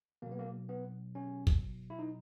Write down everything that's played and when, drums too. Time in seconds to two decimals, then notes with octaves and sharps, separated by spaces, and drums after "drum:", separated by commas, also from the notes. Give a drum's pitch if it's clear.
0.22 B2 F#3 A#3
0.31 B3
0.39 A#3
0.69 B3
1.15 C#4
1.47 drum: kick
1.90 E4
1.99 D#4